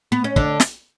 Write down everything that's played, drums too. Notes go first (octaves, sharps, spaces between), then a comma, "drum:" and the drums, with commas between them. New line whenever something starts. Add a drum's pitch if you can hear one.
B3
C#4
D3 D4, drum: kick
drum: snare